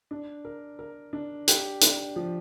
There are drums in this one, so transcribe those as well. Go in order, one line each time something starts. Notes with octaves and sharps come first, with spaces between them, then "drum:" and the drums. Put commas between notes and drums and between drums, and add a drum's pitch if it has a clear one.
D4
A#4
A#4
D4
G4, drum: hi-hat
D4, drum: hi-hat
F3